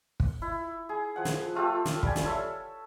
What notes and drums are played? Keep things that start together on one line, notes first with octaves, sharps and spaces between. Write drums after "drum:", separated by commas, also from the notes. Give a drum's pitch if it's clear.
drum: kick
E4
G#4
F3 F#5
drum: snare
A3 F4 G4 A4
drum: snare
G3 G#5, drum: kick
drum: snare
A4 C#5 E5